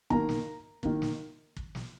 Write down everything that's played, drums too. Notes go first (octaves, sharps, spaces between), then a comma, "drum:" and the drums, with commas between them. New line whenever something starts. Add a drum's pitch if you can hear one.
D#3 A#3 A#5, drum: kick
drum: snare
D#3 A#3, drum: kick
drum: snare
drum: kick
drum: snare